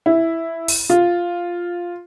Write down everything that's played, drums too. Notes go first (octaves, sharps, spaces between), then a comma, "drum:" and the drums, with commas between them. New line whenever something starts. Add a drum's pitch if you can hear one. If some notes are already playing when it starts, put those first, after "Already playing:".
E4
drum: open hi-hat
F4